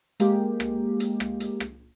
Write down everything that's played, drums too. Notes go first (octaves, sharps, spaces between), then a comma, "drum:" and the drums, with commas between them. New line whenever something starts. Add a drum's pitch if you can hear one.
G#3 A#3 G4, drum: hi-hat
drum: rim click
drum: hi-hat
drum: rim click
drum: hi-hat
drum: rim click